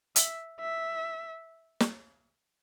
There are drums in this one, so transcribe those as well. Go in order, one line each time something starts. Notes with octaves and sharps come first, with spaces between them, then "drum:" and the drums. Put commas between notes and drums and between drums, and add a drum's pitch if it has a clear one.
E5, drum: hi-hat
E5
drum: snare